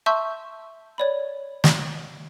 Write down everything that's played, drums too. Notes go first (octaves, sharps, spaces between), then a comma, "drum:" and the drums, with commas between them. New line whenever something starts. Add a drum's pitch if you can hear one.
E5 A5 C6 C#6 E6 G6
C#5 D5 B5
drum: snare